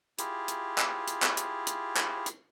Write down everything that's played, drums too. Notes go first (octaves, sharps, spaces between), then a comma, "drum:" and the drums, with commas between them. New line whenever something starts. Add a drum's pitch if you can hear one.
E4 F4 G4 G#4, drum: hi-hat
drum: hi-hat
drum: clap
drum: hi-hat
drum: clap
drum: hi-hat
drum: hi-hat
drum: clap
drum: hi-hat